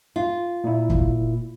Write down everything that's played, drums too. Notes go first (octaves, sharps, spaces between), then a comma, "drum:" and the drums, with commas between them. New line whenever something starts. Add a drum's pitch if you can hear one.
F4
A#2 E4
drum: kick